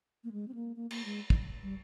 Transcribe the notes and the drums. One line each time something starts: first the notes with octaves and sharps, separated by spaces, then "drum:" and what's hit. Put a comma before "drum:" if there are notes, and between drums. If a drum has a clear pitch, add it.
A#3
G#3
C4
A#3
A#3
A#3, drum: cymbal
G#3
drum: kick
G3